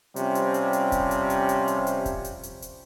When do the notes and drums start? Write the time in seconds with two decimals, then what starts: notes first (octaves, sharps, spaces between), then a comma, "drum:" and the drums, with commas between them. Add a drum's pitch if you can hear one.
0.16 C3 F3 G3 C#4, drum: hi-hat
0.35 drum: hi-hat
0.54 drum: hi-hat
0.73 drum: hi-hat
0.92 drum: kick D#1, hi-hat
1.11 drum: hi-hat
1.30 drum: hi-hat
1.49 drum: hi-hat
1.68 drum: hi-hat
1.87 drum: hi-hat
2.06 drum: kick D#1, hi-hat
2.24 drum: hi-hat
2.43 drum: hi-hat
2.62 drum: hi-hat